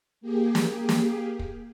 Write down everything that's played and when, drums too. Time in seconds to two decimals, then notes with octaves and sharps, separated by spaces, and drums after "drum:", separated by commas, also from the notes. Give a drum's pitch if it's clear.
0.21 A#3 G4 G#4
0.55 drum: snare
0.89 drum: snare
1.39 drum: kick